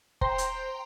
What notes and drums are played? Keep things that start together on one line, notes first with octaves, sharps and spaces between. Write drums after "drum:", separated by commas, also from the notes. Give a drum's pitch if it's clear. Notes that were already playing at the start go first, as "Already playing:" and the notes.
C5 G5 A#5 C6, drum: kick
drum: hi-hat